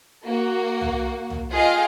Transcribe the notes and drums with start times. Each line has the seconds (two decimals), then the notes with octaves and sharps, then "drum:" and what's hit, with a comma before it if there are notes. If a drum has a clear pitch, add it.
0.25 A#3 F#4
0.81 drum: tom C2
1.30 drum: tom C2
1.53 F4 G#4 D#5 F5 G5 F6